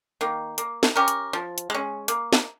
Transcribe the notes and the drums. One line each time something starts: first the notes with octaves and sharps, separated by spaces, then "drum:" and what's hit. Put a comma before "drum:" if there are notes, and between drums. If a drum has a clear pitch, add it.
D#3 A#3
A#3, drum: hi-hat
drum: snare
C#4 G4 A#4
drum: hi-hat
F3
drum: hi-hat
G#3 C#4
A#3, drum: hi-hat
drum: snare